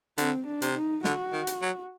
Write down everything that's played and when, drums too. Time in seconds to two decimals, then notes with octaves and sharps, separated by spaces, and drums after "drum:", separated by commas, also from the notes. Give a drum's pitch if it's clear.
0.18 D3 C4, drum: hi-hat
0.46 D4
0.62 C3, drum: hi-hat
0.75 D#4
1.04 D3 F#4, drum: snare
1.33 D#3
1.47 drum: hi-hat
1.62 F#3